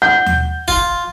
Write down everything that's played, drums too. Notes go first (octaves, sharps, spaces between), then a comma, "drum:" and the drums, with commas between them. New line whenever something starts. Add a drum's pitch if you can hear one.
F#5 G6
drum: tom D#2
F4, drum: kick